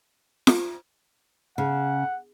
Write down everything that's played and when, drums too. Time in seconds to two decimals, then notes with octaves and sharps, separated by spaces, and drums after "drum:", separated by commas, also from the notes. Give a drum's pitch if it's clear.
0.47 drum: snare
1.58 C#3 F#5